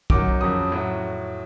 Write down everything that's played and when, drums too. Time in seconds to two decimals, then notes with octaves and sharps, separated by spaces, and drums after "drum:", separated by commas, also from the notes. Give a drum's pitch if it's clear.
0.10 F#2 D#3 F#3 D6, drum: kick
0.41 F2 C#3 F#3 D#6
0.72 A2 F#3